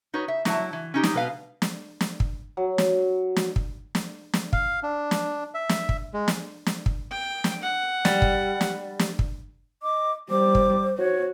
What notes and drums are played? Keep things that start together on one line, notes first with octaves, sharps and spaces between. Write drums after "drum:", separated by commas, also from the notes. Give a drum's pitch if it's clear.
D#4 F#4 B4 C#5
E5
F#3 E4 C#5 E5 A5, drum: snare
E3
C#4 D#4 G4
drum: snare
B2 B4 F5
drum: snare
drum: snare
drum: kick
F#3
drum: snare
drum: snare
drum: kick
drum: snare
drum: snare
F5, drum: kick
D4
drum: snare
E5
drum: snare
drum: kick
G#3
drum: snare
drum: snare
drum: kick
G5
drum: snare
F#5
G3, drum: snare
drum: kick
drum: snare
drum: snare
drum: kick
D#5 D6
G3 C5 D6
drum: kick
F#4 C#5